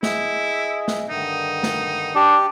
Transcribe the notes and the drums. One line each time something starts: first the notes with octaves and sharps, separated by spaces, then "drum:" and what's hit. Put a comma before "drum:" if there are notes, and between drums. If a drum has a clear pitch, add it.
E4 G#4 D#5 E5, drum: snare
drum: snare
G2 D3 D#3 D#4
drum: snare
D4 G4